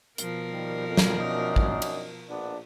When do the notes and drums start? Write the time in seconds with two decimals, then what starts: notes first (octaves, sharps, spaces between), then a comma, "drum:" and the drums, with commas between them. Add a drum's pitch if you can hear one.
0.18 B2 F3 A#4, drum: hi-hat
0.51 D#3 G3
0.87 F2
0.97 drum: snare
1.17 F#2 D4 D#4
1.56 drum: kick A1
1.82 drum: cymbal
2.29 A#1 B3 D4